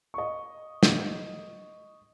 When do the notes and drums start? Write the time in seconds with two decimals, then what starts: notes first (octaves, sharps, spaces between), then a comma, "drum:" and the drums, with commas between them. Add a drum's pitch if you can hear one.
0.14 D#5 C#6
0.83 drum: snare